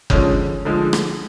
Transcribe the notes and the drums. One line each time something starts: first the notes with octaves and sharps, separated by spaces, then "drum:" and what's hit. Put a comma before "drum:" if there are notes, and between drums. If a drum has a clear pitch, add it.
D3 F3 G#3 C#4, drum: kick F#1
D3 F3 G#3
drum: rim click